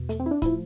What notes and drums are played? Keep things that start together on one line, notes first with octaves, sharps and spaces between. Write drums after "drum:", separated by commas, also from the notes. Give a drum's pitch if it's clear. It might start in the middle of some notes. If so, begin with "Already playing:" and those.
Already playing: E2 B2
A3, drum: hi-hat
C4
E4
D4
A2 F3 E4, drum: kick C#1, hi-hat